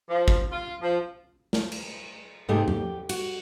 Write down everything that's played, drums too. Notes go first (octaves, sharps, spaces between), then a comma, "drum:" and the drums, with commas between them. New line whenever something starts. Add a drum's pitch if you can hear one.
F3
drum: kick
F4
F3
drum: snare
drum: cymbal
G#2 C3 A3 G4 G#4
G4, drum: tom
F#4, drum: cymbal